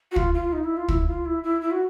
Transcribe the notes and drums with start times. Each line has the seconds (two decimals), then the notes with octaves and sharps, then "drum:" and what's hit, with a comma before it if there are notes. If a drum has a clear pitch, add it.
0.11 F#4
0.16 F4, drum: kick
0.34 F4
0.53 D#4
0.64 E4
0.77 F4
0.88 E4, drum: kick
1.07 F4
1.25 E4
1.43 E4
1.61 E4
1.71 F#4